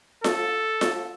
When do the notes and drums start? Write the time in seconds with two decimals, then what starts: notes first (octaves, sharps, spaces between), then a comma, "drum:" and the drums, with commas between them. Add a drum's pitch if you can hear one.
0.24 A4, drum: snare F4
0.81 drum: snare F4